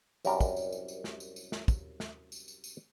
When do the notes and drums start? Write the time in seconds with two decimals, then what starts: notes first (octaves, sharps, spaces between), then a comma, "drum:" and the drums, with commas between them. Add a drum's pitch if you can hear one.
0.25 C2 F#2 G3 C#4 A#4, drum: tambourine
0.40 drum: kick, tambourine
0.56 drum: tambourine
0.72 drum: tambourine
0.88 drum: tambourine
1.04 drum: snare
1.20 drum: tambourine
1.36 drum: tambourine
1.52 drum: snare
1.68 drum: kick, tambourine
2.00 drum: snare
2.32 drum: tambourine
2.48 drum: tambourine
2.64 drum: tambourine